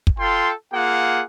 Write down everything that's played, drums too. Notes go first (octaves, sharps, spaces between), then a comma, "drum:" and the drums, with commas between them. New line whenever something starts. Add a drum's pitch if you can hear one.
drum: kick
F4 A4 G5 C6
A#3 F4 G#4 F#5